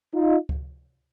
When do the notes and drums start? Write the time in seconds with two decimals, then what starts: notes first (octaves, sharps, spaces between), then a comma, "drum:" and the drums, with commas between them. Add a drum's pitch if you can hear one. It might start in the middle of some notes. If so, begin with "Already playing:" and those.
0.14 D#4 F4
0.49 drum: kick C#2